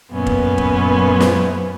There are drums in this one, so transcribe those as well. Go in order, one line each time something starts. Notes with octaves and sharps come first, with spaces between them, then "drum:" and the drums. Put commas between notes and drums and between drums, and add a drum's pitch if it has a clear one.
F#2 A#2 B3 C#4 B4
drum: kick
drum: kick
drum: snare